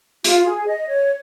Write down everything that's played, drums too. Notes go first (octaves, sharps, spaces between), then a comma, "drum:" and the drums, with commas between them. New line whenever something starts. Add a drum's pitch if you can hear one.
F4, drum: hi-hat
G#4
D#5
C#5